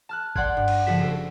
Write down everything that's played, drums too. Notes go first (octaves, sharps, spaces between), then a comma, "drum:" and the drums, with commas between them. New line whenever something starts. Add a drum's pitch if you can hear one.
A5 F6 F#6
D5 F#5 G5 C6 F#6 G#6, drum: kick G1
G2
drum: cymbal
F#1 F3 F#4 G#4 B6 E7
G#4 A4 C5 G5